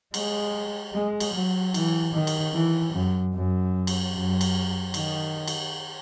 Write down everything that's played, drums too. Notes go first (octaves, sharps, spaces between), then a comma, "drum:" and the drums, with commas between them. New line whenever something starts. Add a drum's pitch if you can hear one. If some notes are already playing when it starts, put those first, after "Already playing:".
G#3, drum: cymbal
G#3
drum: cymbal
F#3
E3, drum: cymbal
D#3
drum: cymbal
E3
F#2
F#2
drum: cymbal
F#2
drum: cymbal
D#3, drum: cymbal
drum: cymbal